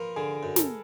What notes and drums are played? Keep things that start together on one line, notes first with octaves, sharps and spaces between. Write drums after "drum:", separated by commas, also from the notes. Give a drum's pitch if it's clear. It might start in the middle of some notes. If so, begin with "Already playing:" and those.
Already playing: F3 A#4 B4
D3 G#4
F#2
A4, drum: snare